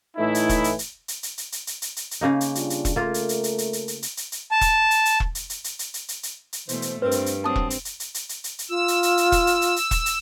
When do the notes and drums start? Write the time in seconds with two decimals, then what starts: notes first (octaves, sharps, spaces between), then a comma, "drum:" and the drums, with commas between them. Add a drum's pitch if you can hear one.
0.17 A2 E3 A3 D#4 E4
0.35 drum: hi-hat
0.49 drum: kick E1, hi-hat
0.64 drum: hi-hat
0.79 drum: hi-hat
1.08 drum: hi-hat
1.23 drum: hi-hat
1.38 drum: hi-hat
1.52 drum: hi-hat
1.67 drum: hi-hat
1.82 drum: hi-hat
1.96 drum: hi-hat
2.11 drum: hi-hat
2.21 C#3 A#3 D#4
2.41 drum: hi-hat
2.55 G3 D4 F4, drum: hi-hat
2.70 drum: hi-hat
2.85 drum: kick E1, hi-hat
2.96 A3 A#3 F4 A#4
3.14 drum: hi-hat
3.29 drum: hi-hat
3.44 drum: hi-hat
3.58 drum: hi-hat
3.73 drum: hi-hat
3.88 drum: hi-hat
4.02 drum: hi-hat
4.17 drum: hi-hat
4.32 drum: hi-hat
4.51 A5
4.61 drum: kick E1, hi-hat
4.91 drum: hi-hat
5.05 drum: hi-hat
5.20 drum: kick E1
5.35 drum: hi-hat
5.50 drum: hi-hat
5.64 drum: hi-hat
5.79 drum: hi-hat
5.94 drum: hi-hat
6.08 drum: hi-hat
6.23 drum: hi-hat
6.53 drum: hi-hat
6.69 B2 E3 A3 C5, drum: hi-hat
6.82 drum: hi-hat
7.02 G2 C4 A#4 B4
7.11 drum: hi-hat
7.26 drum: hi-hat
7.44 F#3 C4 A5 D#6
7.56 drum: kick E1
7.70 drum: hi-hat
7.85 drum: hi-hat
8.00 drum: hi-hat
8.14 drum: hi-hat
8.29 drum: hi-hat
8.44 drum: hi-hat
8.59 drum: hi-hat
8.70 F4 E6
8.88 drum: hi-hat
9.03 drum: hi-hat
9.17 drum: hi-hat
9.32 drum: kick E1, hi-hat
9.47 drum: hi-hat
9.62 drum: hi-hat
9.76 drum: hi-hat
9.91 drum: kick E1, hi-hat
10.06 drum: hi-hat